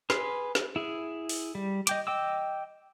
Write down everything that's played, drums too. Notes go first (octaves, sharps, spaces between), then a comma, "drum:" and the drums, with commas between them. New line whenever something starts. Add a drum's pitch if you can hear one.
G#4 B4 C6, drum: snare
drum: snare
E4 G#4
drum: open hi-hat
G3
D#5 G5 D6, drum: hi-hat
D#5 G5 D6 E6